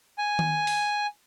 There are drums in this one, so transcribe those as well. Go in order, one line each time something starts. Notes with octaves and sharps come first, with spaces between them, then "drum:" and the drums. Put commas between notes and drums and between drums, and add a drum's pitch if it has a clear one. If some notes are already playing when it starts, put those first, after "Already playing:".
G#5
drum: tom D#3
drum: open hi-hat